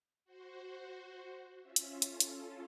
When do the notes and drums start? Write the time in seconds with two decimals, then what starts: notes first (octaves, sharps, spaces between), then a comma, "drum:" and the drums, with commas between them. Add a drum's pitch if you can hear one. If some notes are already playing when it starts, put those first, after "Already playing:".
0.25 F#4 C5
1.61 C#4 F4 E5
1.76 drum: hi-hat
2.02 C#4 F4 A4, drum: hi-hat
2.20 drum: hi-hat